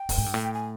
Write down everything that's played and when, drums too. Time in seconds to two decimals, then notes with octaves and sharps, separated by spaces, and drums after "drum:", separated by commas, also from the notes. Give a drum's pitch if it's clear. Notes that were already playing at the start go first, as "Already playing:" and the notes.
Already playing: G5
0.09 F#2, drum: kick C#1, open hi-hat
0.18 G#2
0.26 G2
0.34 A2
0.42 G5
0.54 G#5